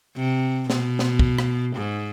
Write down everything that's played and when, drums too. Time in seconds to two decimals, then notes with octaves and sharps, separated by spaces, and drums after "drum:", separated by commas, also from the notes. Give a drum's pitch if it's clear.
0.16 C3
0.70 B2, drum: snare C4
0.99 drum: snare C4
1.19 drum: kick
1.39 drum: rim click
1.76 G#2